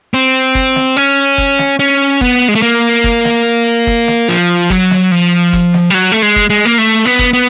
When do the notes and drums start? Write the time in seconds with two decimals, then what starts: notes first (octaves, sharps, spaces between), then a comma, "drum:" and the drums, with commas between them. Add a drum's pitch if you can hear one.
0.14 C4, drum: hi-hat
0.55 drum: kick, hi-hat
0.76 drum: snare
0.97 C#4, drum: hi-hat
1.38 drum: kick, hi-hat
1.59 drum: snare
1.79 C#4, drum: hi-hat
2.21 B3, drum: kick, hi-hat
2.48 G#3
2.55 A3
2.62 A#3, drum: hi-hat
3.04 drum: kick
3.25 drum: snare
3.46 drum: hi-hat
3.87 drum: kick, hi-hat
4.08 drum: snare
4.28 F3, drum: hi-hat
4.70 F#3, drum: kick, hi-hat
4.91 drum: snare
5.11 F3, drum: hi-hat
5.53 drum: kick, hi-hat
5.74 drum: snare
5.90 G3
5.94 F#3, drum: hi-hat
6.12 A3
6.22 G#3
6.36 drum: kick, hi-hat
6.50 G#3
6.65 A#3
6.78 A3, drum: hi-hat
7.05 B3
7.19 drum: kick, hi-hat
7.33 B3